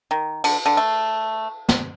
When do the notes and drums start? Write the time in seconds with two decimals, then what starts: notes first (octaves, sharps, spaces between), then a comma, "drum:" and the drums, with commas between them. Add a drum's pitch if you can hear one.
0.11 D#3
0.44 D3, drum: cymbal
0.66 D3
0.77 A3
1.69 drum: snare